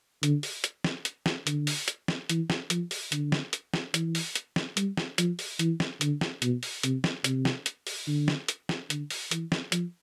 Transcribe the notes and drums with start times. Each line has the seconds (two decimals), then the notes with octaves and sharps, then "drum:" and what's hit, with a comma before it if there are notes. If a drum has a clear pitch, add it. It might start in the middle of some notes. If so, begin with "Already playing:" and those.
0.23 D3, drum: hi-hat
0.43 drum: open hi-hat
0.64 drum: hi-hat
0.84 drum: snare
1.05 drum: hi-hat
1.26 drum: snare
1.47 D3, drum: hi-hat
1.67 drum: open hi-hat
1.88 drum: hi-hat
2.08 drum: snare
2.29 E3, drum: hi-hat
2.50 drum: snare
2.70 F3, drum: hi-hat
2.91 drum: open hi-hat
3.12 D3, drum: hi-hat
3.32 drum: snare
3.53 drum: hi-hat
3.74 drum: snare
3.94 E3, drum: hi-hat
4.15 drum: open hi-hat
4.35 drum: hi-hat
4.56 drum: snare
4.77 G3, drum: hi-hat
4.97 drum: snare
5.18 F3, drum: hi-hat
5.39 drum: open hi-hat
5.59 E3, drum: hi-hat
5.80 drum: snare
6.01 D3, drum: hi-hat
6.21 drum: snare
6.42 B2, drum: hi-hat
6.63 drum: open hi-hat
6.83 C3, drum: hi-hat
7.04 drum: snare
7.24 C3, drum: hi-hat
7.45 drum: snare
7.66 drum: hi-hat
7.87 drum: open hi-hat
8.07 D3
8.28 drum: snare
8.49 drum: hi-hat
8.69 drum: snare
8.90 D3, drum: hi-hat
9.10 drum: open hi-hat
9.31 E3, drum: hi-hat
9.52 drum: snare
9.72 F3, drum: hi-hat